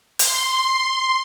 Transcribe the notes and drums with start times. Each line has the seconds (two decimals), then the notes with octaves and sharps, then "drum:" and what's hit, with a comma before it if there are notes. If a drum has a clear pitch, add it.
0.19 C6, drum: hi-hat